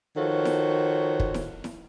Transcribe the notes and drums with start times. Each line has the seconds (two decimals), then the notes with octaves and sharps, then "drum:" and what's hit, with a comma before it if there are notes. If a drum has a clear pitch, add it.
0.16 D#3 F3 F#4 A4 C#5
0.45 drum: snare E4
1.20 drum: kick
1.34 drum: snare E4
1.64 drum: snare E4